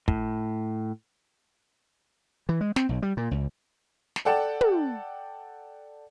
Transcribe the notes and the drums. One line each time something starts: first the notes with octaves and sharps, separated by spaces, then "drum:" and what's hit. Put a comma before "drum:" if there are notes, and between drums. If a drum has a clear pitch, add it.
A2, drum: kick
E3
G#3
C4, drum: snare
B1
G3
A#2
C#2
drum: snare
A4 D5 F#5 G5 A5
drum: tom